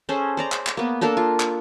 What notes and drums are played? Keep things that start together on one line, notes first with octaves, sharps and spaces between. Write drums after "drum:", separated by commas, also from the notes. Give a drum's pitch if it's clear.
C#4 G#4 A4 C5
C5 D5 A#5
drum: clap
drum: clap
A#3 B3
A#3 D4 A4 A#4
F4
drum: clap